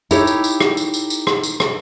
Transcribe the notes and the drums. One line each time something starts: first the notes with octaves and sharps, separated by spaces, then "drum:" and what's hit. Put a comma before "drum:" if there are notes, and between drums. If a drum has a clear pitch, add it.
D#4 E4 G4 A4 C#5, drum: tambourine
drum: tambourine
drum: tambourine
drum: rim click
drum: tambourine
drum: tambourine
drum: tambourine
drum: rim click
drum: tambourine
drum: rim click